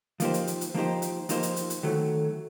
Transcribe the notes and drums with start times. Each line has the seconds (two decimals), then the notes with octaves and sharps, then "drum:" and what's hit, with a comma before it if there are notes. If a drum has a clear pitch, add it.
0.20 F3 A#3 D#4 G4 C5, drum: hi-hat
0.34 drum: hi-hat
0.47 drum: hi-hat
0.61 drum: hi-hat
0.74 F3 A#3 D#4 G4 C5
1.02 drum: hi-hat
1.29 F3 A#3 D#4 G4 C5, drum: hi-hat
1.43 drum: hi-hat
1.56 drum: hi-hat
1.70 drum: hi-hat
1.83 D#3 F#3 A3